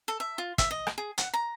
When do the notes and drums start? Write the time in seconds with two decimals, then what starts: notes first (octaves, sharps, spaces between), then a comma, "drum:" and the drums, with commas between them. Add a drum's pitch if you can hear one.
0.08 A4
0.20 E5
0.38 F4
0.58 E5, drum: kick, hi-hat
0.71 D#5
0.87 drum: rim click
0.98 G#4
1.18 F#5, drum: hi-hat
1.34 A#5